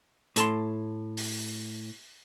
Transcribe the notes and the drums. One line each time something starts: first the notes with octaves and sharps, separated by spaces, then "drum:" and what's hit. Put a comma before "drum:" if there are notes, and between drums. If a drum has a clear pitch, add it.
A2 A4 A5 C6, drum: hi-hat
drum: open hi-hat